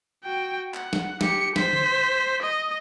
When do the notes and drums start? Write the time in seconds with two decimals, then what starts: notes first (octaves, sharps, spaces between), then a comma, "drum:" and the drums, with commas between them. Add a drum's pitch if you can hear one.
0.24 F#4 G5
0.74 F#5, drum: clap
0.93 drum: snare
1.21 G4 C#7, drum: snare
1.56 C5 B6, drum: snare
1.73 drum: tom D3
2.43 D#5